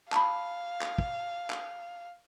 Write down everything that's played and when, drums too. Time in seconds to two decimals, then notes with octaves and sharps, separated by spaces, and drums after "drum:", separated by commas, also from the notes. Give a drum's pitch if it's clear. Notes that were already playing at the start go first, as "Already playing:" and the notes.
0.12 F5 A5 B5, drum: clap
0.81 drum: clap
0.98 drum: kick
1.50 drum: clap